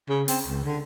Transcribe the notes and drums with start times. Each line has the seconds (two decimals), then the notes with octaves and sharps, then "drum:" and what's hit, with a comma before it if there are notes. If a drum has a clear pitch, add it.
0.09 C#3
0.28 C4, drum: open hi-hat
0.47 C#2
0.65 D3